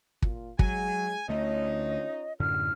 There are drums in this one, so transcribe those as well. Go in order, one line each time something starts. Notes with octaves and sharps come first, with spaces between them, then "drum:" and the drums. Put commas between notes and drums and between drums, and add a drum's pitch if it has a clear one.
A#2 F4, drum: kick
F#3 G#3 G#4 G#5, drum: kick
D2 A3 C#4 D#4 F4 C#5 D#5
F#2 A2 D3 F6